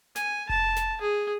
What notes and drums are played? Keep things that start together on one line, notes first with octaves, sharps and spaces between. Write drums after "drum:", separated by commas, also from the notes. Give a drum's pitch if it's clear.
G#5, drum: snare
A5, drum: kick F1
drum: snare
G#4